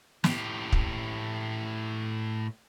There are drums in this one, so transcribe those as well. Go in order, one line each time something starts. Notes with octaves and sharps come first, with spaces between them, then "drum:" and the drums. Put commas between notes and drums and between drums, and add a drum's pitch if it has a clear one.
A2 G4, drum: snare
drum: kick